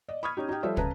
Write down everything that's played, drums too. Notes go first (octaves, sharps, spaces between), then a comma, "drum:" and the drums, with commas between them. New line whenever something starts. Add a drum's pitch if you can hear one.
D5 D#5
B5 C#6 D#6 F6 G#6
C#4 D#4 G4
D#4 G4 G5
F3 G3 A4 C5 C#5 E5
C#3 B4 A5 A#5, drum: kick